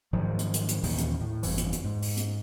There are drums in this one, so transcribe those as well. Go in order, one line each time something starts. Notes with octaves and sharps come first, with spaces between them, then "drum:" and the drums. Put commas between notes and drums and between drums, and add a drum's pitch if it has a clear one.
G#2 D#3 F3 F#3
drum: hi-hat
drum: hi-hat
drum: hi-hat
D#2 A#2 D#3 E3, drum: open hi-hat
drum: hi-hat
A2
G1 F2 E3, drum: open hi-hat
drum: hi-hat
drum: hi-hat
G#2
drum: open hi-hat
drum: hi-hat